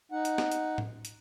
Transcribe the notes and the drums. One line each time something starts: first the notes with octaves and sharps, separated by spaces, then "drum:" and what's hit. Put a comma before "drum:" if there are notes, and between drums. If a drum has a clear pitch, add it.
D#4 F#5
drum: hi-hat
drum: snare
drum: hi-hat
drum: tom A2
drum: hi-hat